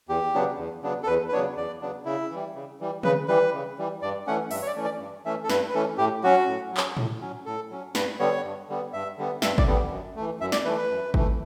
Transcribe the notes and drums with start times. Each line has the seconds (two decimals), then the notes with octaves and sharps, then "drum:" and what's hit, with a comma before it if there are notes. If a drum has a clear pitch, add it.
0.09 E2 G4
0.34 C#3 F#3 B3 D4
0.59 E2
0.82 C#3 F#3 B3 D4
1.03 A4
1.07 E2 B4
1.29 B4
1.32 C#3 F#3 B3 D4 C#5
1.57 E2 D5
1.81 C#3 F#3 B3 D4
2.05 C#3 E4
2.30 E3 G3
2.55 C#3
2.80 E3 G3
3.03 C#3 B4, drum: tom D3
3.28 E3 G3 B4
3.53 C#3
3.78 E3 G3
4.02 G2 D5
4.27 E3 A3 C#4 F#5
4.51 G2 E5, drum: open hi-hat
4.62 C#5
4.67 D5
4.76 E3 A3 C#4
4.85 D5
5.00 G2
5.25 E3 A3 C#4 E5
5.44 A4
5.50 G2 B4, drum: snare
5.70 B4
5.74 E3 A3 C#4 A4
5.98 A2 G4
6.24 F#3 C#4 F#4
6.48 A2
6.72 F#3
6.77 C#4, drum: clap
6.97 A2, drum: tom A2
7.21 F#3 C#4
7.46 A2 A4
7.70 F#3 C#4
7.95 G2 B4, drum: snare
8.19 D3 G3 B3 C#5
8.44 G2
8.69 D3 G3 B3
8.93 G2 E5
9.18 D3 G3 B3
9.42 G2 E5, drum: snare
9.58 D5, drum: kick G#1
9.66 D3 G3 B3
9.91 F#2
10.16 E3 A3
10.41 F#2 E5
10.52 D5, drum: snare
10.65 E3 A3 B4
10.77 B4
10.90 F#2
11.14 E3 A3, drum: kick G#1